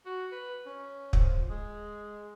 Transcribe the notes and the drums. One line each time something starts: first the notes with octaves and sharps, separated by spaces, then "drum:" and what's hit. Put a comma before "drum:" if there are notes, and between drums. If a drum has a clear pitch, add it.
F#4
B4
C#4
F3, drum: kick
G#3